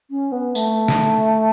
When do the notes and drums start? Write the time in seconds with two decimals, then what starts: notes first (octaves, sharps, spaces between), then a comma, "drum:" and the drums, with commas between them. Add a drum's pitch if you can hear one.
0.10 C#4
0.32 B3
0.55 A3, drum: tambourine
0.88 drum: snare